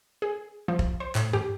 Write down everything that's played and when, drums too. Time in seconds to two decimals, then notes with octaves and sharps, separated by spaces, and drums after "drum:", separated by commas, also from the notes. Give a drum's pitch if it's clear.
0.22 G#4
0.68 F3
0.79 drum: kick
1.00 C5
1.15 A2, drum: clap
1.33 G4, drum: tom G2